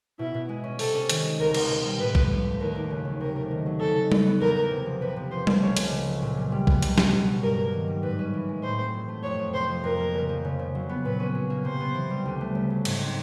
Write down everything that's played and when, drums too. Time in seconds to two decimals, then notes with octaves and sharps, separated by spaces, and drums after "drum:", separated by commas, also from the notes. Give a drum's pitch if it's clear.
0.19 B2 E4
0.34 B2
0.49 G#3
0.64 C#4
0.79 C3 A4, drum: open hi-hat
0.94 C#4
1.09 D#3, drum: hi-hat
1.24 G#3
1.40 C#2 A#4
1.54 C#2, drum: cymbal
1.70 B2
1.85 G3
2.00 A2 B4
2.15 A2, drum: kick
2.31 F3
2.45 A3
2.60 D#2 A#4
2.75 D#2
2.91 C#3
3.05 F#3
3.21 C3 A#4
3.35 A3
3.51 D#3
3.66 F#3
3.80 C#3 A4
3.95 D#4
4.12 F#3, drum: tom G3
4.26 B3
4.41 E2 A#4
4.56 E2
4.71 C3
4.86 F3
5.01 C3 B4
5.16 C3
5.31 F3 C5
5.47 A3, drum: tom G3
5.62 C#2 C#5
5.77 C#2, drum: hi-hat
5.92 C#3
6.07 F#3
6.22 A#2
6.37 A#2
6.52 G3
6.67 B3, drum: kick
6.82 C#2, drum: hi-hat
6.98 B3, drum: snare
7.12 B2
7.27 F#3
7.43 G2 A#4
7.58 A#3
7.73 D#3
7.88 G3
8.03 G#2 B4
8.19 C#4
8.34 E3
8.49 G#3
8.63 A2 C5
8.78 C4
8.94 F#3
9.09 A3
9.23 F2 C#5
9.39 F2
9.54 C3 C5
9.69 F3
9.84 F2 A#4
10.00 A#3
10.14 C#3
10.29 F3
10.45 C#3
10.59 C#3
10.75 F#3
10.89 B3
11.05 A#2 B4
11.20 C#4
11.35 F#3
11.50 A#3
11.65 C3 C5
11.80 B3
11.95 E3
12.10 G3
12.26 D2
12.41 A3
12.55 C#3
12.70 F#3
12.85 G#2, drum: cymbal
13.01 C4